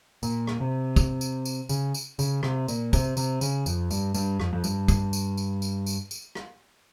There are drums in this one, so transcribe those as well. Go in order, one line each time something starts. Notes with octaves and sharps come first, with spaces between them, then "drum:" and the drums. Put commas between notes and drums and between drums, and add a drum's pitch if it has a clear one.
A#2, drum: tambourine
drum: rim click
C3
drum: kick, tambourine
drum: tambourine
drum: tambourine
C#3, drum: tambourine
drum: tambourine
C#3, drum: tambourine
C3, drum: rim click
A#2, drum: tambourine
C3, drum: kick, tambourine
C3, drum: tambourine
C#3, drum: tambourine
F2, drum: tambourine
G2, drum: tambourine
G2, drum: tambourine
F2, drum: rim click
F2
G2, drum: tambourine
drum: kick, tambourine
drum: tambourine
drum: tambourine
drum: tambourine
drum: tambourine
drum: tambourine
drum: rim click